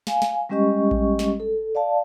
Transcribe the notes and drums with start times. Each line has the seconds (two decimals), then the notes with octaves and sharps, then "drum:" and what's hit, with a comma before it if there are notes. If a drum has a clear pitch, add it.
0.07 F5 G#5, drum: snare
0.22 drum: snare
0.49 G3 G#3 C#4 G4 D#5 C#6
0.91 drum: kick A1
1.19 drum: snare
1.40 A4
1.75 D5 F5 A5